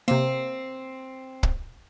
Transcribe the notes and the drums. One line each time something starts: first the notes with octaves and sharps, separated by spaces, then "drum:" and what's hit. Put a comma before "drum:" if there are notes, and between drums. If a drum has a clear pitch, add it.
C3 A#3 C4
drum: kick